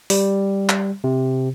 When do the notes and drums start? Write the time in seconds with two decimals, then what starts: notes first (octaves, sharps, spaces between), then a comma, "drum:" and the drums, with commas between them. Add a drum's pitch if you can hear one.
0.10 G3, drum: open hi-hat
0.69 drum: clap
1.04 C3